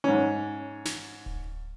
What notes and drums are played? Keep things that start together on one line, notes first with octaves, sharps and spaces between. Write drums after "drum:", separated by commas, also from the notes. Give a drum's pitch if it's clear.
G#2 C#4
drum: snare
drum: kick D1